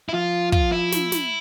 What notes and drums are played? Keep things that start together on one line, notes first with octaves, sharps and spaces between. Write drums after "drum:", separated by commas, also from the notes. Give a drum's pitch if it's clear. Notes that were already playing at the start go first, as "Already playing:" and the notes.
E4
F3 F4
F4, drum: kick
E4
drum: snare
drum: snare